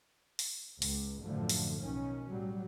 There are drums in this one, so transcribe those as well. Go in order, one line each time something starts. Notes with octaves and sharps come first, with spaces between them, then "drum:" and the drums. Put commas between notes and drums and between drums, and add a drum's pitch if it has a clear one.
drum: open hi-hat
C#2, drum: open hi-hat
F#2 A2 D3 F3 A3
drum: open hi-hat
B1 D#3 C#4
A2 F#3 G3